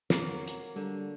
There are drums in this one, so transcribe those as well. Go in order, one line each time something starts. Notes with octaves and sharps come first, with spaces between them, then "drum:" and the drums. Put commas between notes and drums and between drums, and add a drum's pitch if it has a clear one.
F2 F#3 A#3, drum: snare
drum: hi-hat
D3 G3